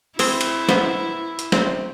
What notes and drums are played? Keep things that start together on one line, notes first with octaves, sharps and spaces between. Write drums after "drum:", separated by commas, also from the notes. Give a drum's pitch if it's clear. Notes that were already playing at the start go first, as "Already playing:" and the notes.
C4 E4 G#4 C5, drum: open hi-hat
drum: cymbal
B3 C5, drum: snare
drum: hi-hat
C4, drum: snare